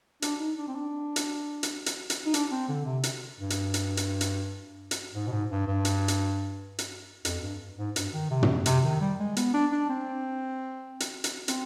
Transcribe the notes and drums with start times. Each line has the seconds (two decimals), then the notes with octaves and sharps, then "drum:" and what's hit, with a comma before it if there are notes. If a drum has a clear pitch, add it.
0.22 D4, drum: hi-hat
0.40 D#4
0.58 D4
0.68 C4
0.75 D4
1.16 drum: hi-hat
1.63 drum: hi-hat
1.86 drum: hi-hat
2.10 drum: hi-hat
2.26 D#4
2.34 D4, drum: hi-hat
2.51 C4
2.69 D3
2.85 C3
3.03 drum: hi-hat
3.39 G2
3.50 drum: hi-hat
3.74 drum: hi-hat
3.97 drum: hi-hat
4.21 drum: hi-hat
4.91 drum: hi-hat
5.14 G#2
5.27 B2
5.32 G#2
5.50 G2
5.67 G2
5.85 drum: hi-hat
6.08 drum: hi-hat
6.78 drum: hi-hat
7.25 F2, drum: hi-hat
7.42 G2
7.78 G#2
7.96 G2, drum: hi-hat
8.13 D#3
8.31 C3
8.43 drum: tom
8.66 C3, drum: hi-hat
8.84 D#3
9.01 G3
9.19 G#3
9.36 B3, drum: hi-hat
9.53 D4
9.72 D4
9.89 C4
11.00 drum: hi-hat
11.24 drum: hi-hat
11.48 C4, drum: hi-hat